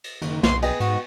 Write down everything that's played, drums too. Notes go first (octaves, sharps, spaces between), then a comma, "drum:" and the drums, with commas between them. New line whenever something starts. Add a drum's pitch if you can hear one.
drum: cymbal
F#1 D#3, drum: cymbal
B1 C6, drum: snare
B3 G#4 D#5 G5, drum: cymbal
G#2 F#4, drum: cymbal